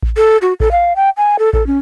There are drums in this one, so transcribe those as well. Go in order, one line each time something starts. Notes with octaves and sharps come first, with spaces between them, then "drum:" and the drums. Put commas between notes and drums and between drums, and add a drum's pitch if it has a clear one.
drum: kick A1
A4
F#4
A4, drum: kick A1
F5
G5
G#5
A4
A4, drum: kick A1
C#4